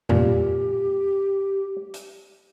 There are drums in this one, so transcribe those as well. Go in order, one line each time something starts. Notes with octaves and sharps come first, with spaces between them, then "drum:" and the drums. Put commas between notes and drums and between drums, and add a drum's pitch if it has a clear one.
A#2 G4, drum: tom E2
drum: hi-hat